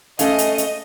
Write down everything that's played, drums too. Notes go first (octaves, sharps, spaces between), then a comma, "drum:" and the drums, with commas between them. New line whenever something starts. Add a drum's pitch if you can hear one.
A3 C#4 D#5 F5, drum: hi-hat
drum: hi-hat
drum: hi-hat